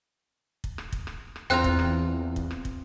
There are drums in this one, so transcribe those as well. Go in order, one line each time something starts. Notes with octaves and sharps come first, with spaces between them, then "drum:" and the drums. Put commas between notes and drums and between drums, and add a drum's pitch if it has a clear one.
drum: kick
drum: rim click
drum: kick
drum: rim click
drum: rim click
E2 C4 F4 G5 A#5 F#6
drum: kick
drum: rim click
drum: kick
drum: rim click
drum: kick